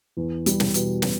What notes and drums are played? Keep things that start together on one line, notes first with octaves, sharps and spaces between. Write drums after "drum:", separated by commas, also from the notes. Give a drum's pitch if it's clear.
E2
G3, drum: hi-hat
drum: snare
B2, drum: hi-hat
B2, drum: snare